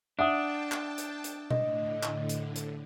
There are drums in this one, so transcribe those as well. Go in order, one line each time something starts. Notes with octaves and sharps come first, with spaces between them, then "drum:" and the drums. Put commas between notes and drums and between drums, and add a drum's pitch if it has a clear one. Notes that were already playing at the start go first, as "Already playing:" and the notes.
D4 E5 F#5 G5 A5 D#6
drum: clap
drum: hi-hat
drum: hi-hat
A2 D3 D#5, drum: tom B2
drum: clap
drum: hi-hat
drum: hi-hat